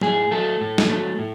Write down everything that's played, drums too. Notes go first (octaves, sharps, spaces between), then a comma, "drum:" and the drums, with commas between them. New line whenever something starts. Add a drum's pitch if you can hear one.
A2 G#4, drum: tom F#3
F#3 A3 A4
A2
drum: snare
F#3 A3
A2